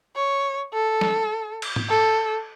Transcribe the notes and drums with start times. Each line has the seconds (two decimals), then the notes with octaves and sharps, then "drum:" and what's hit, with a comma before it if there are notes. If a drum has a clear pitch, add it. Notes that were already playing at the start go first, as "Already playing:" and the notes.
0.16 C#5
0.73 A4
1.01 drum: snare
1.62 drum: cymbal
1.76 drum: tom G#2
1.89 A4